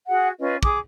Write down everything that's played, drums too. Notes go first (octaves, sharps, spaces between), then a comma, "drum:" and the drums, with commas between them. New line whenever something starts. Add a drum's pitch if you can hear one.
F#4 G#4 F#5
C#4 F4 B4 D#5
G#4 D6 D#6, drum: kick